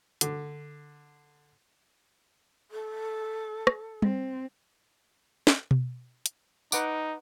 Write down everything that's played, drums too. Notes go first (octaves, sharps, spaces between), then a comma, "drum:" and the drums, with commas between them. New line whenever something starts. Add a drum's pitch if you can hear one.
D3, drum: hi-hat
A4
drum: rim click
C4, drum: tom G3
drum: snare
drum: tom B2
drum: hi-hat
D#4 B4 F#5 D6, drum: tambourine